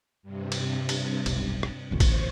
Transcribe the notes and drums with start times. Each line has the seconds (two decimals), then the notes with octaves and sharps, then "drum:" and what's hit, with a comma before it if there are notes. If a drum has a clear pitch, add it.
0.23 G2 C3
0.52 drum: cymbal
0.89 drum: cymbal
1.26 F1 B1, drum: cymbal
1.63 drum: rim click
1.91 E1 A1 D2 C5 C#6
2.00 drum: kick A1, cymbal